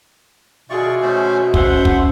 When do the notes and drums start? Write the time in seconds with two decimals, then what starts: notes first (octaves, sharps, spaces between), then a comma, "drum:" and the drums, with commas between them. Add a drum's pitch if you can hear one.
0.70 B2 F4 G#4 D5 E5 C#6
1.02 A3 C#4 C5
1.54 C#4 C5 E5 F#5 C6, drum: kick
1.85 drum: kick